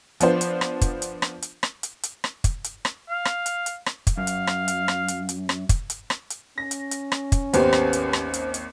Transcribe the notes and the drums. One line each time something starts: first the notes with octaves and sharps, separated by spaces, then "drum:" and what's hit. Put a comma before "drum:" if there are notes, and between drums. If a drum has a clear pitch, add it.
F3 B3 D4 C5, drum: hi-hat
drum: hi-hat
drum: rim click
drum: kick, hi-hat
drum: hi-hat
drum: rim click
drum: hi-hat
drum: rim click
drum: hi-hat
drum: hi-hat
drum: rim click
drum: kick, hi-hat
drum: hi-hat
drum: rim click
F5
drum: rim click
drum: hi-hat
drum: hi-hat
drum: rim click
drum: kick, hi-hat
F#2 F5
drum: hi-hat
drum: rim click
drum: hi-hat
drum: rim click
drum: hi-hat
drum: hi-hat
drum: rim click
drum: kick, hi-hat
drum: hi-hat
drum: rim click
drum: hi-hat
C#4 A#6
drum: hi-hat
drum: hi-hat
drum: rim click
drum: kick, hi-hat
G#1 D#2 B3 G4 C5, drum: hi-hat
drum: rim click
drum: hi-hat
drum: rim click
drum: hi-hat
drum: hi-hat